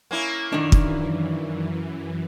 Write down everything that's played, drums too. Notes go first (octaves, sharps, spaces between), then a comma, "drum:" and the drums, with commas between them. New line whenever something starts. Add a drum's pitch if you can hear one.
A#3 C#4 E4
F#2 D#3 E3 D4
drum: kick